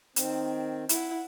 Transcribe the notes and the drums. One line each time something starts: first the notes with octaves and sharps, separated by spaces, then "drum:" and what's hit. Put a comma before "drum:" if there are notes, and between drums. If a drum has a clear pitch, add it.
D#3 C4, drum: hi-hat
E4 F#5, drum: hi-hat